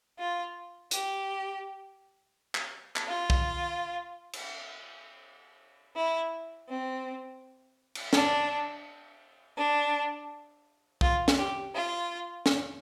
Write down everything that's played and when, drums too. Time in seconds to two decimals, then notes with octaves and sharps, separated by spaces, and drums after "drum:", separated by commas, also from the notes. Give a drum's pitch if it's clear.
0.18 F4
0.91 G4, drum: hi-hat
2.55 drum: clap
2.96 drum: clap
3.07 F4
3.30 drum: kick
4.33 drum: cymbal
5.96 E4
6.68 C4
7.95 drum: cymbal
8.13 D4, drum: snare
9.57 D4
11.01 F4, drum: kick
11.28 drum: snare
11.37 G4
11.73 F4
12.46 drum: snare